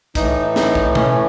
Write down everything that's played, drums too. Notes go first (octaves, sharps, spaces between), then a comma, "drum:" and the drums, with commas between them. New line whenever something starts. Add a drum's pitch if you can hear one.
A2 E3 D#4, drum: kick, hi-hat
D#4, drum: snare
drum: kick
C#4, drum: tom B2